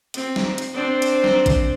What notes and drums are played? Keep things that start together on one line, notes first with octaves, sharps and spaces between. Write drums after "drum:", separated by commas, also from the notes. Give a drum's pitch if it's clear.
C4, drum: hi-hat
drum: snare
drum: hi-hat
C4 D4 C5
drum: hi-hat
drum: snare
drum: kick A1, hi-hat